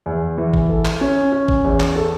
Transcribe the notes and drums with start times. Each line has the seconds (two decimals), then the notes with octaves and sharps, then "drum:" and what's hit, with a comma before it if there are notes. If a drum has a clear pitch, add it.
0.06 E2
0.38 E3
0.53 drum: kick G#1
0.70 A4
0.85 drum: clap
1.01 C#4
1.32 C#4
1.48 drum: kick G#1
1.64 E2
1.80 drum: clap
1.96 A4